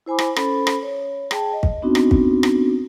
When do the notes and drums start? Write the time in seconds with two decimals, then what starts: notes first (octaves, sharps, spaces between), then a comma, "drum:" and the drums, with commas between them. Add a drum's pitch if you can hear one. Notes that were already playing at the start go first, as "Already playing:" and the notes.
0.06 E4 C5 G#5 B5 D6
0.19 drum: rim click
0.36 C#4 A4 C5 B5, drum: rim click
0.67 drum: rim click
0.83 C#5
1.31 G#4 G5 A5, drum: rim click
1.53 D#5
1.63 drum: kick
1.82 B3 C4 D4 D#4 F#4
1.95 drum: rim click
2.11 drum: kick
2.43 drum: rim click